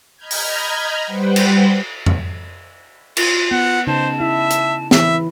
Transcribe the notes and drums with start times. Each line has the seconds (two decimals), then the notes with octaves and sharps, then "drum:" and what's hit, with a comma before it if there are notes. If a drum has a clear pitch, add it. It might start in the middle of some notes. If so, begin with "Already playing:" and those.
0.16 D#5 A#5 B5 F6 G6 G#6
0.31 drum: open hi-hat
1.05 G3 B4 C5 F#5 G5
1.36 drum: cymbal
2.06 drum: tom F2
3.17 F4, drum: cymbal
3.51 B3 F#5
3.87 C#3 D#4 C5 A5
4.20 E4 E5
4.50 drum: hi-hat
4.91 E3 E4 E5, drum: snare